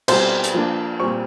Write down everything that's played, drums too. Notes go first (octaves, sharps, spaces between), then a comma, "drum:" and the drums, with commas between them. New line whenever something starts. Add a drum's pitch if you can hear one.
B2 G3 C4 C5 C6, drum: cymbal
drum: hi-hat
F3 A#3 D4
A#2 G3 C4 C#6